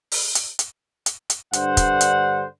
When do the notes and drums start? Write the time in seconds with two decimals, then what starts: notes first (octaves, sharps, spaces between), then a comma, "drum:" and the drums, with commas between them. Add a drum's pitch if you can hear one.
0.12 drum: open hi-hat
0.35 drum: hi-hat
0.59 drum: hi-hat
1.06 drum: hi-hat
1.30 drum: hi-hat
1.53 G2 D3 C5 F#5, drum: hi-hat
1.77 drum: kick, hi-hat
2.01 drum: hi-hat